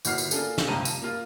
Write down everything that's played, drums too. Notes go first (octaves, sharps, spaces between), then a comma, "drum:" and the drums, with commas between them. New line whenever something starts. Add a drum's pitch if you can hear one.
G1 A#2 E4 F#4 F6 C7, drum: tambourine
drum: tambourine
A#3 D4 F4 G#4 A4, drum: tambourine
drum: snare
F#1 C#2 G2 C3 A#5 D#7
A5, drum: tambourine
A#3 F4